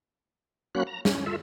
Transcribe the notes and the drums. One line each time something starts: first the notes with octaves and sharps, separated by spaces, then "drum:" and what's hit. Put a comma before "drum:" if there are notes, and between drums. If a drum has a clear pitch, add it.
F#3 A#3 C#4 F#4 B5 F#6
A#5
C#4, drum: snare
F4 A4 E5